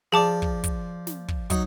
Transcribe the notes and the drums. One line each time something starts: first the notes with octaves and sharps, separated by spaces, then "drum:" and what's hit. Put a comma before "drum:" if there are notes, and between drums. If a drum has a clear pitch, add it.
F3 G#4 D5 A5 D6
drum: kick
drum: kick, hi-hat
drum: snare
drum: kick
F#3 D#4, drum: kick, hi-hat